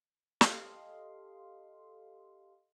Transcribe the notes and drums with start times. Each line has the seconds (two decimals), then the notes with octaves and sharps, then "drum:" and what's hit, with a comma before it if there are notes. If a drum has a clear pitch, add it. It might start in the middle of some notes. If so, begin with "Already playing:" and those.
0.41 G4 A4 D#5 F5 C6, drum: snare